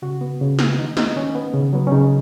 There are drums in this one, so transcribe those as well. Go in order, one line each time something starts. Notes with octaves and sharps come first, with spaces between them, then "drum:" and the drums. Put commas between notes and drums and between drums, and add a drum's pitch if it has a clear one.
C#3 F#4
B3
C#3
B3, drum: snare
D#3 D#4
B3 D#4, drum: snare
D#3 C#4
B3
C#3
F#3 B3
C#4
C#3 D#4